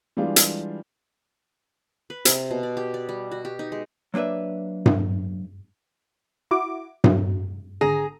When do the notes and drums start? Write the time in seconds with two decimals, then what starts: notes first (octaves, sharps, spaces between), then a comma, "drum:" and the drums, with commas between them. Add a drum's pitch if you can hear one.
0.17 E3 G3 G#3 D4 F4
0.36 drum: hi-hat
2.10 B4
2.25 C3, drum: hi-hat
2.51 B2
2.63 D5
2.77 G4
2.94 D5
3.09 G3
3.31 F#4
3.45 G4
3.59 D#4
3.72 G#3
4.14 F#3 A#3 D4 B4 E5
4.86 drum: tom G2
6.51 E4 F#4 D6
7.04 F#3, drum: tom G2
7.81 G#1 D3 G#4 A#5